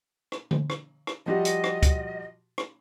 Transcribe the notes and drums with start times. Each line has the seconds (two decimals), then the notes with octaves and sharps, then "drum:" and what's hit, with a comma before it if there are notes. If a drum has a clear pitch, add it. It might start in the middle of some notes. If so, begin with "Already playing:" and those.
0.32 drum: rim click
0.51 drum: tom D3
0.70 drum: rim click
1.07 drum: rim click
1.26 F3 G3 F#4 D#5
1.45 drum: hi-hat
1.64 drum: rim click
1.83 drum: kick, hi-hat
2.58 drum: rim click